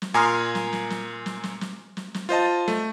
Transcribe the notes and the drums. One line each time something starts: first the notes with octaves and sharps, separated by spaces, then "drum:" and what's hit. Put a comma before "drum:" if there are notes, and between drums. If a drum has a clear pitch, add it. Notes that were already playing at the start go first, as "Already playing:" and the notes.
drum: snare
A#2 G#5 A#5 C6 D#6 F6
drum: snare
drum: snare
drum: snare
drum: snare
drum: snare
drum: snare
drum: snare
drum: snare
F4 C5 D#5 A5
A3, drum: snare